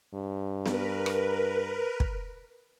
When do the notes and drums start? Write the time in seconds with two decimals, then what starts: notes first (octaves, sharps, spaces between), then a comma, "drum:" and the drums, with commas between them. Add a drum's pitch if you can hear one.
0.15 G2
0.66 A#4 B4, drum: snare B3
1.06 drum: rim click
2.00 drum: kick